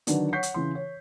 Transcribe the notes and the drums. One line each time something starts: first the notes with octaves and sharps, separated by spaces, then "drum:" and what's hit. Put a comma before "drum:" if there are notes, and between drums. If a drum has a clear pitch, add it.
D3 D#3 F#3 D4 B4, drum: hi-hat
C#5 F#5 C#6 G6 B6 C7
drum: hi-hat
C#3 E3 C6
C#5